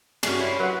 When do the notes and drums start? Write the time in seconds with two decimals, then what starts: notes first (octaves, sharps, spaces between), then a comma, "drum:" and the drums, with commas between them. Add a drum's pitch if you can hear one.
0.23 G2 F#3 C#4 D4 G#4, drum: cymbal
0.40 C#4 E4 C6
0.60 F#3 B4 F#5